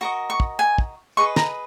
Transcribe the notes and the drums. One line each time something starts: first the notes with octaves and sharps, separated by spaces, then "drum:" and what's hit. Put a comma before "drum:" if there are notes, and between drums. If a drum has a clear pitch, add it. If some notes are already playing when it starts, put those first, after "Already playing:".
F#4 A#4 D#5 C#6
C#6
drum: kick
G#5
drum: kick
G#4 B4 D#5 C#6
A#5, drum: snare